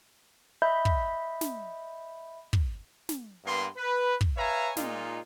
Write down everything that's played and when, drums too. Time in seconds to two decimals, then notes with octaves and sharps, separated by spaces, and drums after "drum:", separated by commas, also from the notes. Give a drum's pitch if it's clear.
0.62 D#5 E5 B5 G6
0.85 drum: kick
1.41 drum: snare
2.53 drum: kick
3.09 drum: snare
3.46 G2 A#3 B3 B4 C6
3.77 B4
4.21 drum: kick
4.37 B4 C#5 E5 F5 G#5 A#5
4.77 A#2 G#3 D#4 F4, drum: snare